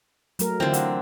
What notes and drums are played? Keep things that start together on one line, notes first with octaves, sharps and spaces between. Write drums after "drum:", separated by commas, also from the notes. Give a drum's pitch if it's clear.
F#3 A3 A#4, drum: hi-hat
D3 E3 C4 E4 F4
F#5, drum: hi-hat